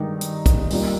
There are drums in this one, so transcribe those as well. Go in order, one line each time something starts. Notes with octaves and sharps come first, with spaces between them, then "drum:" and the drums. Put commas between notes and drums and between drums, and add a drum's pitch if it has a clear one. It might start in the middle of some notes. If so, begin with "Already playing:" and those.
Already playing: G2 D#3 G#3 D#4 G4
drum: hi-hat
drum: kick, hi-hat
A#2 G3 A#3 D#4, drum: open hi-hat